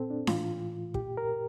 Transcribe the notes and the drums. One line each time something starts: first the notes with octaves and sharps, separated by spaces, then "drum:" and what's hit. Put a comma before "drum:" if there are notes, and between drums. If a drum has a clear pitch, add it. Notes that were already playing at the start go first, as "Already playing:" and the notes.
Already playing: A#2 C4 A4
D4
A2 E3 F4, drum: snare D4
A#2 G4, drum: kick
A#4